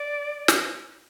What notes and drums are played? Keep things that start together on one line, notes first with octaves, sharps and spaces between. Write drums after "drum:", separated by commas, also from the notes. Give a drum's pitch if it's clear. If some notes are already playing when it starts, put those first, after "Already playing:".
Already playing: D5
drum: snare